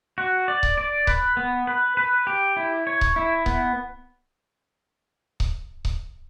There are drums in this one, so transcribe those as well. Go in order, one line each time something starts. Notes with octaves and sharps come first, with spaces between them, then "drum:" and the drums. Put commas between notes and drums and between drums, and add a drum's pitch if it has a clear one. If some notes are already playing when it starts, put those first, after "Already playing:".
F#4
D5
drum: kick C#1
D5
B4, drum: kick C#1
B3
B4
B4
G4
E4
C#5
drum: kick C#1
E4
B3, drum: kick C#1
drum: kick C#1
drum: kick C#1